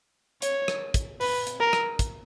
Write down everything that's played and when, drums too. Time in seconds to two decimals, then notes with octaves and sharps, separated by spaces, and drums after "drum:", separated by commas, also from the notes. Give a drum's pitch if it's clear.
0.42 C#5, drum: hi-hat
0.68 drum: rim click
0.94 drum: kick, hi-hat
1.21 B4, drum: open hi-hat
1.47 drum: hi-hat
1.60 A#4
1.73 drum: rim click
1.99 drum: kick, hi-hat